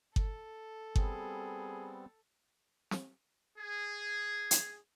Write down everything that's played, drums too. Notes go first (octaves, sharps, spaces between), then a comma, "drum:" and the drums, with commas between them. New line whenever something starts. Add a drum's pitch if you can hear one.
A4, drum: kick G1
G3 B3 C4 G#4, drum: kick G1
drum: snare
G#4
drum: hi-hat